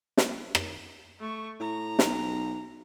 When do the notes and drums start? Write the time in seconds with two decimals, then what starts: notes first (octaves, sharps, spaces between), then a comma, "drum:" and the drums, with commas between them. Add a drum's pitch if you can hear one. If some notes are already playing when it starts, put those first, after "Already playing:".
0.17 drum: snare
0.55 drum: rim click
1.19 A3 C#6
1.60 A2 A#5
1.99 B1, drum: snare